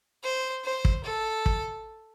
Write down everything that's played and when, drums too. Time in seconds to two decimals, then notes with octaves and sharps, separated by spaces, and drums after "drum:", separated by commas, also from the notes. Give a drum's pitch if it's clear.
0.24 C5
0.64 C5
0.85 drum: kick
1.05 A4
1.46 drum: kick